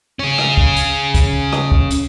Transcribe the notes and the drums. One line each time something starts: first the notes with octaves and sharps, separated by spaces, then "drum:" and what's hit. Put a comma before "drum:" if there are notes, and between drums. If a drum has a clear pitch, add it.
C#4 G#4
drum: rim click
drum: kick
drum: hi-hat
drum: kick, hi-hat
drum: rim click
drum: kick
drum: hi-hat